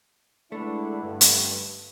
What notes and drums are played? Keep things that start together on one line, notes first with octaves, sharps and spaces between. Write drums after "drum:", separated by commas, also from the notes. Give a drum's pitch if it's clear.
D3 G#3 A3 D4 E4 B4
G2
drum: hi-hat